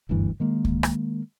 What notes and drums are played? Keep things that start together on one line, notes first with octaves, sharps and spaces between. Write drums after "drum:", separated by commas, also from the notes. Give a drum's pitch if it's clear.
F#1 D2 G2 E3
D#3 G#3 A#3
drum: kick C#2
drum: rim click